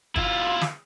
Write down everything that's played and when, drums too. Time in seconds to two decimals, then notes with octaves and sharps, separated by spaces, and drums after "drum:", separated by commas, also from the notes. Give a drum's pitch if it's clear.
0.16 E4 F4, drum: kick
0.61 drum: snare